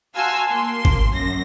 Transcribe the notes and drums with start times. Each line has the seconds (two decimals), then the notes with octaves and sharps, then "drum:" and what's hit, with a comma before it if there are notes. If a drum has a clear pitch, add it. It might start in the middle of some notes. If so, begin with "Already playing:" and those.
0.15 F#4 F5 G#5 A5 C6 E6
0.49 A#3 C6
0.85 drum: kick G#1
1.11 F#2 A#6